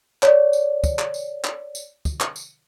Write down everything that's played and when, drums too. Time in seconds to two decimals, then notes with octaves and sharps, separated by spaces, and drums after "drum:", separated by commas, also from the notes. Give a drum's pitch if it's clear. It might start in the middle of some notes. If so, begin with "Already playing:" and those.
0.23 C#5 D5, drum: clap
0.53 drum: tambourine
0.84 drum: kick, tambourine
0.99 drum: clap
1.14 drum: tambourine
1.44 drum: clap
1.75 drum: tambourine
2.05 drum: kick, tambourine
2.20 drum: clap
2.36 drum: tambourine